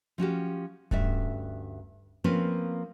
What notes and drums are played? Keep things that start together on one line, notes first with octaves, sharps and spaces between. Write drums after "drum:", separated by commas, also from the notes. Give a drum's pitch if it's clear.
F3 C#4 F#4 G4
D2 G2 C#4 E5, drum: kick D1
F3 A#3 C4 C#4 F4 B4